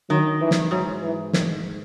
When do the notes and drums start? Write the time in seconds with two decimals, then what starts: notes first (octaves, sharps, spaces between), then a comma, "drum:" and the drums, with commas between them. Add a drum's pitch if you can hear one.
0.09 D#3 F#3
0.41 E3
0.51 drum: snare
0.71 G#2 F#3
1.02 E3
1.33 D#3, drum: snare